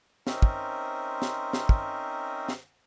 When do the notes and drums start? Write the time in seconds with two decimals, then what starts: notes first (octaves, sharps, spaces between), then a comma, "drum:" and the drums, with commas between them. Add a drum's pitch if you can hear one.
0.27 C4 C#4 D#4 A#4 C5 E5, drum: snare
0.42 drum: kick
1.22 drum: snare
1.53 drum: snare
1.69 drum: kick
2.48 drum: snare